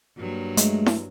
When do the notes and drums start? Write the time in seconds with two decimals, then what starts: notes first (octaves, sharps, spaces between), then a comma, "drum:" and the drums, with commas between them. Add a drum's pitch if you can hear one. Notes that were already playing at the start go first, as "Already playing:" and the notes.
0.17 G2 F#3 A#3
0.57 G#3 A3, drum: hi-hat
0.86 drum: snare E4